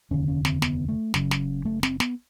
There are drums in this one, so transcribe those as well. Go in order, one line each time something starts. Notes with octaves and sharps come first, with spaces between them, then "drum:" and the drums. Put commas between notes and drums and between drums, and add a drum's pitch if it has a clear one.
F1 D#2 D3 C#4
C#4
C4, drum: snare
B3, drum: snare
A3
F#1 F#2 C#3, drum: snare
drum: snare
A3
C4, drum: snare
B3, drum: snare